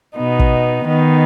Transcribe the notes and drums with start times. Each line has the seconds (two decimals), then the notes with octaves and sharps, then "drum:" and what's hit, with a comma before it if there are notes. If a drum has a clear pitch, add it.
0.17 B2 B3 D#4
0.39 drum: kick
0.84 D#3 B3 D#4